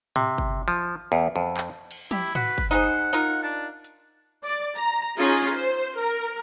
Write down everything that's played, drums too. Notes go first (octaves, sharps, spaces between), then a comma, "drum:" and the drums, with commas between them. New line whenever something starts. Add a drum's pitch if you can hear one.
C3, drum: tom G#2
drum: kick G1
F3, drum: hi-hat
E2
F2
drum: clap
drum: cymbal
E4 G4, drum: tom
F#4 B4, drum: tom G#2
drum: kick G1
D#4 G#4 C5 F#5
D#4 F4 A#4
D4
drum: hi-hat
D5
A#5, drum: hi-hat
C#4 D#4 F4 G#4
C5
A#4